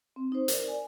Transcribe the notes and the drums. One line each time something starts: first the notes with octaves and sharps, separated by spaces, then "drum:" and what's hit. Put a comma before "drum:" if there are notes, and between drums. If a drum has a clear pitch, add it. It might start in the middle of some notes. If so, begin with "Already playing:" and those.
C4
D#4 C5
A#4 D5, drum: hi-hat
G#5